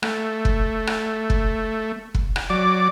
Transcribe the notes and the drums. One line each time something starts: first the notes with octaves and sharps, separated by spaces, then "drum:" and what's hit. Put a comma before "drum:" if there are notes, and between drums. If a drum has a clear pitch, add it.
A3, drum: rim click
drum: kick
drum: rim click
drum: kick
drum: kick
drum: rim click
F#3 D5 D6